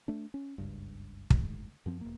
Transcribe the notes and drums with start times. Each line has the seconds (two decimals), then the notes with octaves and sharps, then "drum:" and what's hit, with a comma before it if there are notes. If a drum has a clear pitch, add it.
0.08 A3 D4
0.34 C#4
0.58 F#1 C#2 G2
1.30 F#1 G#2, drum: kick
1.86 F#2 F3 C4
2.01 E1 A#3